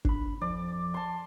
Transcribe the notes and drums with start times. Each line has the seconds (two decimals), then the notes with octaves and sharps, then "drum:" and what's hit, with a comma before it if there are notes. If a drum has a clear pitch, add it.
0.05 D4 B5, drum: kick G1
0.41 F2 D5
0.94 A5 C6